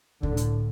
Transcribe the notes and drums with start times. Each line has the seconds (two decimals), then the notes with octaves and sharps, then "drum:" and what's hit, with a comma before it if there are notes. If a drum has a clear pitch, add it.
0.23 A2 D3, drum: kick C#2
0.37 drum: hi-hat